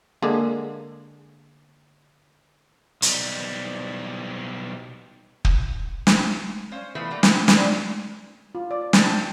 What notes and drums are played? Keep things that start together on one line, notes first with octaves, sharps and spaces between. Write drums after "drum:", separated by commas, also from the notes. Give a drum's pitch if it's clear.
D3 G#3 A#3
B1 G3, drum: hi-hat
drum: kick
drum: snare
C#4 C5 F5
E3 A3 B3 F4 B4 E5
G3 A3 A#3 G4
E4 F#5, drum: snare
D3 E3, drum: snare
F4
D5
A5, drum: snare
G5